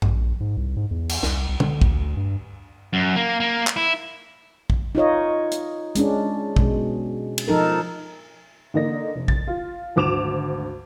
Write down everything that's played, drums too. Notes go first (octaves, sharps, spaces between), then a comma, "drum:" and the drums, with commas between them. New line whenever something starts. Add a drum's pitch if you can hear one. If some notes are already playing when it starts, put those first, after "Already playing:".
A#1, drum: tom G2
G#2
C2
G#2
E2
drum: cymbal
C2, drum: snare
C2
D3, drum: tom
D2, drum: kick
G2
F#2
A#3
A#3
drum: clap
E4
drum: kick
D#4 F4 C#5 D#5
drum: hi-hat
G#3 C#4 D4, drum: hi-hat
B2 G#3, drum: kick
drum: cymbal
F3 D#4 A4 A#4
D3 A#3 D#4 D5 A#6
F1
A6, drum: kick
F4
G#1 D2 D6 E7 F7